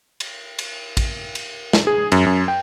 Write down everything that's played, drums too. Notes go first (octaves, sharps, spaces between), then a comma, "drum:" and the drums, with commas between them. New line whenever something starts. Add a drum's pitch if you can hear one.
drum: cymbal
drum: cymbal
drum: kick A1, cymbal
drum: cymbal
drum: snare
G#4
F#2, drum: cymbal
F#2
G5